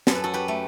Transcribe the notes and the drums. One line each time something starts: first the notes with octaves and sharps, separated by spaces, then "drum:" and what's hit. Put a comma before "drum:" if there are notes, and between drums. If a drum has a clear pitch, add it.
F#2 A4, drum: snare
B4
F#4 A4
G4 B4
A3